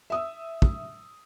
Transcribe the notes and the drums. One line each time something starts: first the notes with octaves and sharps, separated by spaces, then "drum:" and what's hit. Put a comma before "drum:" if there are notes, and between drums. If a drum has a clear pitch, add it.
E5 D#6 E6
drum: kick